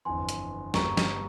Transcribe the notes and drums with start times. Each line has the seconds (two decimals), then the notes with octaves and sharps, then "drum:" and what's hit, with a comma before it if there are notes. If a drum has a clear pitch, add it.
0.05 G1 F2 E3 G#5 C6
0.29 drum: hi-hat
0.74 G1 G2 G3 A#3 A#5 C#6, drum: snare
0.97 drum: snare